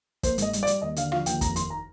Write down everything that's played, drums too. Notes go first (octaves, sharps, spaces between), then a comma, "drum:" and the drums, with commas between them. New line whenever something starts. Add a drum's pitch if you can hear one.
A#3 C5, drum: kick, hi-hat
G#2 D#5, drum: hi-hat
G3, drum: hi-hat
D5
G3, drum: hi-hat
D#2 D#5
D3 F5, drum: hi-hat
F3 F5, drum: rim click
D#2 G5, drum: hi-hat
F2 A#5, drum: kick, hi-hat
D#3 C6, drum: hi-hat
A#5